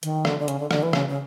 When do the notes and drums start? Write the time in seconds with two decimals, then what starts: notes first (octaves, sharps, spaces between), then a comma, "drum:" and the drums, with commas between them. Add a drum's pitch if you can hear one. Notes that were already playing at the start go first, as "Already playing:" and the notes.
0.03 D#3, drum: hi-hat
0.25 D3, drum: rim click
0.39 D3
0.48 C#3, drum: hi-hat
0.60 D3
0.71 D3, drum: rim click
0.83 E3
0.93 C#3, drum: rim click
1.09 C#3